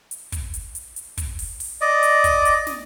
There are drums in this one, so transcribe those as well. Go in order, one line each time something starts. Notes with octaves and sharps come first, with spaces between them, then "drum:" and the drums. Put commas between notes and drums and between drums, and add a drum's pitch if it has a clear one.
drum: hi-hat
drum: kick, hi-hat
drum: hi-hat
drum: hi-hat
drum: hi-hat
drum: kick, hi-hat
drum: open hi-hat
drum: open hi-hat
D5 D#5
drum: hi-hat
drum: kick, hi-hat
drum: hi-hat
drum: snare